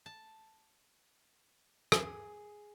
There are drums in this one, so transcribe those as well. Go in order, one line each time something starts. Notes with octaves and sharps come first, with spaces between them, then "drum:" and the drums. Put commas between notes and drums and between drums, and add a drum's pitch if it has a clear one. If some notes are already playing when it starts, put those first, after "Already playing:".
A5
G#4, drum: rim click